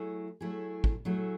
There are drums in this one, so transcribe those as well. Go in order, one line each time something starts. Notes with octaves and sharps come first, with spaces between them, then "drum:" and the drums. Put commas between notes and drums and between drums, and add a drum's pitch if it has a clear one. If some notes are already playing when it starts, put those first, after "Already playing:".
Already playing: F#3 A3 E4 G#4
F#3 A3 E4 G#4
drum: kick
F#3 A3 E4 G#4